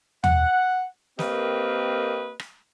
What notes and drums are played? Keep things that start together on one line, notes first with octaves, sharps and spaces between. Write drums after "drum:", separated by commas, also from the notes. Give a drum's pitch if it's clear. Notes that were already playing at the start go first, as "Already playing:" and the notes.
F#5, drum: tom
A#3 C4 G4 A#4 B4 D#5, drum: snare
drum: rim click